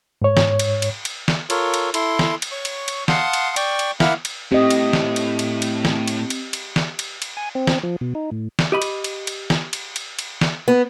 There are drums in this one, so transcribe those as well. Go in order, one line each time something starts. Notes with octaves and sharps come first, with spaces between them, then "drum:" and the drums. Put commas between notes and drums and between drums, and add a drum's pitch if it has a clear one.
G#2 C#5
drum: snare
drum: cymbal
drum: cymbal
drum: cymbal
drum: snare
F4 A4 A#4 C#5, drum: cymbal
drum: cymbal
E4 A4 C6, drum: cymbal
drum: snare
drum: cymbal
C#5 C#6
drum: cymbal
drum: cymbal
F5 F#5 A5 C6 D#6, drum: snare
drum: cymbal
D5 G5 C#6, drum: cymbal
drum: cymbal
A#3 E4 E5 F#5 F6, drum: snare
drum: cymbal
A2 C4 G4 D#5
drum: cymbal
drum: snare
drum: cymbal
drum: cymbal
drum: cymbal
drum: snare
drum: cymbal
drum: cymbal
drum: cymbal
drum: snare
drum: cymbal
drum: cymbal
G#5
C4
drum: snare
F3
B2
D#4
A2
drum: snare
G4 D#5 B5
drum: cymbal
drum: cymbal
drum: cymbal
drum: snare
drum: cymbal
drum: cymbal
drum: cymbal
drum: snare
B3